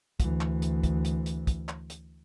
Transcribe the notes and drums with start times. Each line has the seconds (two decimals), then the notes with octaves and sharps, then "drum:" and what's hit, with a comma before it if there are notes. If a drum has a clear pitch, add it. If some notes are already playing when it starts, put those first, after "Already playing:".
0.20 D2 E3, drum: kick, hi-hat
0.41 drum: clap
0.62 drum: hi-hat
0.83 drum: kick, hi-hat
1.05 drum: hi-hat
1.26 drum: hi-hat
1.47 drum: kick, hi-hat
1.69 drum: clap
1.90 drum: hi-hat